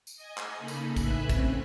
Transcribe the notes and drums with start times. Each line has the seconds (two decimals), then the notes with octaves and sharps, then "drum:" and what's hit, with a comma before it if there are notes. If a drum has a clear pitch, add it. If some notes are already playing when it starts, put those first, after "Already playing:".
0.07 drum: tambourine
0.16 D#5 G#5
0.38 drum: clap
0.58 C#3 A#3 D#4 A4 B5
0.68 drum: tambourine
0.96 A2 B4 E5 G#5 B5 F#6, drum: kick, tambourine
1.29 C4 C#4, drum: kick, tambourine